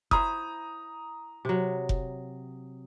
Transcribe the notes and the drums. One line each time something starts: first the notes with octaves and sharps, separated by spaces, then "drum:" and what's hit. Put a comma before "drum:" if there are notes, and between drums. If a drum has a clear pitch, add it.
E4 C5 A#5 D#6, drum: kick F1
C3 F#3
drum: kick F1